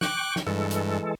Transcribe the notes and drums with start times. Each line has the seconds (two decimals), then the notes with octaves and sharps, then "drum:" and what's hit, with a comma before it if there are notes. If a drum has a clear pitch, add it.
0.01 G5 C#6 D6 F#6, drum: snare
0.36 drum: snare
0.47 G2 E3 G#3 A4
0.71 drum: hi-hat